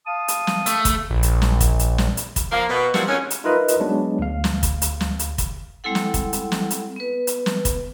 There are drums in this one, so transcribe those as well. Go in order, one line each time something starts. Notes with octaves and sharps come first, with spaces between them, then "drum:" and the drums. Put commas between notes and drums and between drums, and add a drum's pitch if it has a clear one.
F5 A5 D#6
drum: hi-hat
drum: snare
A3, drum: hi-hat
drum: kick, hi-hat
A#1
drum: hi-hat
drum: snare
drum: kick, hi-hat
drum: hi-hat
drum: snare
drum: hi-hat
drum: kick, hi-hat
F3 A#3
B2
F3 G3 A#3 C4 E4 F#4, drum: snare
F2 G#2 G#3 C#4
drum: hi-hat
D#4 F4 A#4 B4 D#5 E5
drum: hi-hat
F#3 G#3 B3 D4
D2 F5
drum: snare
drum: kick, hi-hat
drum: hi-hat
drum: snare
drum: hi-hat
drum: kick, hi-hat
G3 G#3 C4 E4 A4 F#5
drum: snare
drum: kick, hi-hat
drum: hi-hat
drum: snare
drum: hi-hat
B3 B4
drum: hi-hat
drum: snare
drum: kick, hi-hat